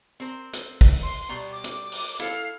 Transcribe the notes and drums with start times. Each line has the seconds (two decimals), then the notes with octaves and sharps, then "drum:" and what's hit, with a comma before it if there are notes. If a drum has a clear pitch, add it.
0.20 C4 A#4 C5
0.53 drum: hi-hat
0.81 drum: kick, open hi-hat
1.03 C6
1.29 B2 G3 A#5
1.52 D6
1.64 drum: hi-hat
1.92 drum: open hi-hat
2.19 E4 A4 F5, drum: hi-hat